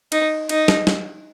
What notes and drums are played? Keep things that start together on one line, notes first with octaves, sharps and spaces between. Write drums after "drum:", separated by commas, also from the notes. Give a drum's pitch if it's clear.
D#4, drum: cymbal
D#4, drum: cymbal
drum: snare
drum: snare